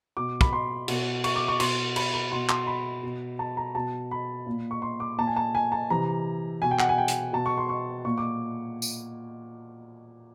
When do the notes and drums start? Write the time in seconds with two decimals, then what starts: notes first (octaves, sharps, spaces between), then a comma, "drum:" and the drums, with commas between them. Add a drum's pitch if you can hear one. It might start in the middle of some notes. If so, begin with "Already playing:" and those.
0.17 B2 D6
0.41 B5, drum: kick
0.53 C6
0.88 B2, drum: cymbal
1.24 C#6, drum: cymbal
1.36 D6
1.48 C#6
1.60 B2 C6, drum: cymbal
1.96 B5, drum: cymbal
2.14 B5
2.31 B2 C6
2.49 C6, drum: clap
2.67 B5
3.03 B2
3.39 A5
3.57 A#5
3.75 B2 A5
4.11 B5
4.47 A#2
4.71 C#6
4.82 C6
5.00 D6
5.18 A#2 A5
5.27 G#5
5.36 A5
5.55 G#5
5.72 A5
5.90 C3 E3 A#5
6.62 B2 G#5
6.71 G5
6.79 F#5, drum: clap
6.89 G#5
6.98 G5
7.08 drum: hi-hat
7.33 B2 A5
7.46 C#6
7.58 C6
7.69 C#6
8.05 A#2 C#6
8.18 D6
8.82 drum: tambourine